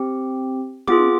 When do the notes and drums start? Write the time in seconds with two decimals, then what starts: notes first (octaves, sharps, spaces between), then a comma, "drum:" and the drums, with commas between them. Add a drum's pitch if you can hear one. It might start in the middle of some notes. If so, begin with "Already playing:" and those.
Already playing: C4 G4
0.88 B3 F4 G#4 D6, drum: tom